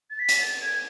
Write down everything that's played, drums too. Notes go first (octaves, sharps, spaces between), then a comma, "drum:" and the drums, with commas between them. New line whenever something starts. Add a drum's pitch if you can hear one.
A6
B6
drum: hi-hat
A6
G#6